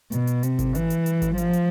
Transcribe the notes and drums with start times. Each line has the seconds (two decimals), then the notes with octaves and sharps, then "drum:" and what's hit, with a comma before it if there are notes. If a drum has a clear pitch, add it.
0.12 B2, drum: hi-hat
0.27 drum: hi-hat
0.43 C3, drum: hi-hat
0.59 drum: kick G#1, hi-hat
0.75 E3, drum: hi-hat
0.90 drum: hi-hat
1.06 drum: hi-hat
1.22 drum: kick G#1, hi-hat
1.38 F3, drum: hi-hat
1.53 drum: hi-hat